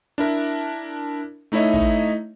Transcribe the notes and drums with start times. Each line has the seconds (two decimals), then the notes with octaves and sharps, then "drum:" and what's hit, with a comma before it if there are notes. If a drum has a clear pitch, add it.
0.18 D4 E4 A#4
1.52 A3 D#4 E4 C#5 D#5
1.73 drum: kick